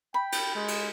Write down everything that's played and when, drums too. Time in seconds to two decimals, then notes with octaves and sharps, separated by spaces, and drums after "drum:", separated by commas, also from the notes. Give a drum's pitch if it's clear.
0.14 G5 B5
0.32 drum: cymbal
0.55 G#3
0.68 drum: cymbal